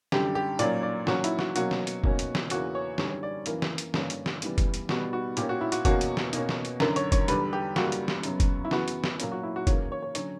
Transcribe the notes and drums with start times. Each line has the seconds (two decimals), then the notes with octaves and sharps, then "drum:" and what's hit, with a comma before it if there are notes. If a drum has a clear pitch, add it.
0.12 F#2 D3 G3 G4, drum: snare
0.35 G4
0.59 A#2 F#3 A#3 C#4 D5, drum: hi-hat
0.83 D5
1.07 A#2 F#3 C#4 F#4, drum: snare
1.24 E4, drum: hi-hat
1.39 F#4, drum: snare
1.56 B2 F#3 A#3 C#4 F#4, drum: hi-hat
1.71 drum: snare
1.87 drum: hi-hat
2.04 B2 A#3 C#4, drum: kick
2.19 drum: hi-hat
2.35 drum: snare
2.50 E2 C#3 E3 A#3 C#4 F#4, drum: hi-hat
2.75 C#5
2.98 F#2 D3 G3 C#4 C#5, drum: snare
3.10 C#5
3.23 D5
3.46 F#2 E3 A#3 A#4, drum: hi-hat
3.62 drum: snare
3.78 drum: hi-hat
3.94 G2 D3 A#3 C#4, drum: snare
4.10 drum: hi-hat
4.26 drum: snare
4.42 C#3 E3 G3 B3, drum: hi-hat
4.58 drum: kick, hi-hat
4.74 drum: hi-hat
4.89 B2 G3 B3 F#4, drum: snare
5.13 F#4
5.37 A#2 A#3 C#4 G4, drum: hi-hat
5.49 F#4
5.61 E4
5.72 F#4, drum: hi-hat
5.85 E2 B2 A#3 C#4 F#4, drum: kick, hi-hat
6.01 drum: hi-hat
6.17 drum: snare
6.33 B2 A#3 C#4, drum: hi-hat
6.49 drum: snare
6.65 drum: hi-hat
6.80 F#2 D3 F#3 A#4, drum: snare
6.96 C#5, drum: hi-hat
7.12 C#5, drum: kick, hi-hat
7.28 E2 D3 G3 B4, drum: hi-hat
7.53 G4
7.76 F#2 C#3 G3 A#3 F#4, drum: snare
7.92 drum: hi-hat
8.08 drum: snare
8.23 F#2 C#3 F#3 B3, drum: hi-hat
8.40 drum: kick, hi-hat
8.65 E4
8.71 F#2 C#3 E3 B3 F#4, drum: snare
8.88 drum: hi-hat
9.04 drum: snare
9.20 A#2 F#3 A#3 C#4, drum: hi-hat
9.32 F#4
9.43 E4
9.56 F#4
9.67 C#3 E3 A#3 C#5, drum: kick, hi-hat
9.92 C#5
10.03 C#5
10.15 D3 F#3 C#4 C#5, drum: hi-hat